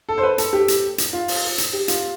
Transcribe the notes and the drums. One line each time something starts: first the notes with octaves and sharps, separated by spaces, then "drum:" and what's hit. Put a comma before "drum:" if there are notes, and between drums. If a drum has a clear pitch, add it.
A4
C5
B4
A4, drum: hi-hat
G4
drum: hi-hat
drum: hi-hat
F4
drum: open hi-hat
drum: hi-hat
G4
F4, drum: hi-hat